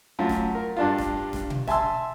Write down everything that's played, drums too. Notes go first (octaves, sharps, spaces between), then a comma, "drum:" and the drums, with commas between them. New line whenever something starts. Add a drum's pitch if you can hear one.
F#2 A3 F4
drum: snare
A#4
G2 D4 F4
drum: snare
drum: snare
drum: tom B2
E5 G#5 A5 C6 E6, drum: snare